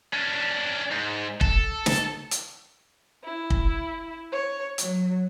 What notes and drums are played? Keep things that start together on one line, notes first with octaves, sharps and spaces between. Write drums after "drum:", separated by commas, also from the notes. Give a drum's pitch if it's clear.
C#4 D4
G#2
A4, drum: kick
drum: snare
drum: hi-hat
E4
drum: kick
C#5
F#3, drum: hi-hat